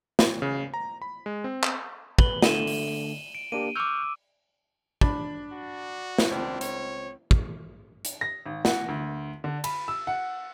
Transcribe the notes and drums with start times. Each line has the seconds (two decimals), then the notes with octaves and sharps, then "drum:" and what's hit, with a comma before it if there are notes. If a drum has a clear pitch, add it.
0.19 drum: snare
0.42 C#3
0.74 A#5
1.02 B5
1.26 G#3
1.44 C4
1.63 drum: clap
2.19 B4 F#7 G7, drum: kick
2.42 D3 A3 D#7 E7, drum: snare
2.67 drum: open hi-hat
3.35 D7
3.52 A#3 D4 G4 D#7
3.76 C#6 D6 E6 F6 G6
5.01 D4 B5, drum: kick
5.52 F#4
6.18 drum: snare
6.31 C#2 C4 D4
6.61 C#5, drum: hi-hat
7.31 drum: kick
8.05 drum: hi-hat
8.21 A#6
8.46 G#1
8.65 F#5, drum: snare
8.88 D2
9.44 D3
9.64 B5, drum: cymbal
9.88 E6
10.07 F#5